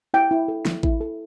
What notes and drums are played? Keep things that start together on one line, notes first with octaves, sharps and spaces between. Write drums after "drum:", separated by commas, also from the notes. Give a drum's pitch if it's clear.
E4 G5
E4
A4
E4, drum: snare
E4, drum: kick A1
A4